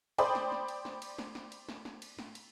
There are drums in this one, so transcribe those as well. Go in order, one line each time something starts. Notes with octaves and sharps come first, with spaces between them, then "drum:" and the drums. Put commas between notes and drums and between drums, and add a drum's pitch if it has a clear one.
C5 D5 G5 B5 C6 D#6, drum: cymbal
drum: snare
drum: snare
drum: cymbal
drum: snare
drum: cymbal
drum: snare
drum: snare
drum: cymbal
drum: snare
drum: snare
drum: cymbal
drum: snare
drum: cymbal